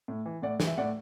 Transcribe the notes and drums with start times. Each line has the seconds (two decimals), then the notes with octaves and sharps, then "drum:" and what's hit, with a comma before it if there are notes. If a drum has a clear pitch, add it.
0.08 A2
0.26 E3
0.42 A2 D5 F#5
0.60 E3, drum: snare
0.67 E5
0.78 A2 D5 F#5